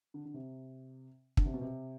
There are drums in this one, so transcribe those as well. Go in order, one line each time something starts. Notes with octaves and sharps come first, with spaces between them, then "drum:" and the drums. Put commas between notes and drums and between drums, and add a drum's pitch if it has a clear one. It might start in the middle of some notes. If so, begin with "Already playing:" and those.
D3
D3
C3
D3, drum: kick
C3
B2
C3